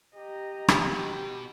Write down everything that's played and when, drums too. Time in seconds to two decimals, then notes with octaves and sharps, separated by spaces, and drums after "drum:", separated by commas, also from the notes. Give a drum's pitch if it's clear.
0.16 G4 D#5 A#5
0.68 drum: rim click
0.93 B3 F#4